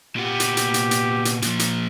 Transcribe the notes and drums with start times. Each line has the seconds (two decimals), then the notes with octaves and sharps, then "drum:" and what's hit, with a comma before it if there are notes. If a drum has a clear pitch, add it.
0.16 A#2 B3 G4
0.40 drum: hi-hat
0.57 drum: hi-hat
0.74 drum: hi-hat
0.91 drum: hi-hat
1.25 drum: hi-hat
1.42 A#2 F3, drum: hi-hat
1.59 drum: hi-hat